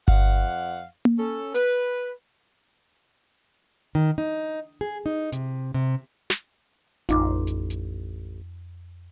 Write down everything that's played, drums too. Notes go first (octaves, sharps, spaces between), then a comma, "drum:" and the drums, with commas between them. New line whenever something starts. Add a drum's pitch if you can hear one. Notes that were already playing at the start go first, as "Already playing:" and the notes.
F2 F5 F#5, drum: kick G1
drum: tom A#3
C#4 A4
B4, drum: hi-hat
D#3
D#4
G#4
D#4
C3, drum: hi-hat
C3
drum: snare
A1 F2 D#4 F4 D6, drum: hi-hat
drum: hi-hat
drum: hi-hat